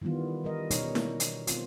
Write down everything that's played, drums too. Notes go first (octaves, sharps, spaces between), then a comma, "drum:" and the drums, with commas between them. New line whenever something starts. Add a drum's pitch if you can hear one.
D#3 E3 G3 B3 F4
G3 A#4 D#5
B2 G3 C#4 D#4 A#4 C#5, drum: hi-hat
drum: snare E4
drum: hi-hat
B3 C4 F4, drum: hi-hat